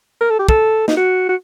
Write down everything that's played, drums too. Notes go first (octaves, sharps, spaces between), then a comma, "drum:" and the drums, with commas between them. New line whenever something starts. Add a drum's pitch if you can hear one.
A#4
A4
G4
A4, drum: kick
D#4, drum: snare
F#4
F#4